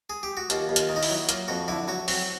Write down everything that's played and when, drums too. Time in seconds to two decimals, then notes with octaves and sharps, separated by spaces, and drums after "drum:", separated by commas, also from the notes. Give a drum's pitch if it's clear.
0.10 G#4
0.23 G4
0.37 F#4
0.50 D#2 F4, drum: hi-hat
0.69 D#2
0.76 F4, drum: hi-hat
0.89 D#3
0.96 D#4
1.03 E4, drum: open hi-hat
1.09 F#3
1.29 A#3 F4, drum: hi-hat
1.48 F2 F#4
1.68 D3 E4
1.88 F#3 F#4
2.08 C4 F#4, drum: open hi-hat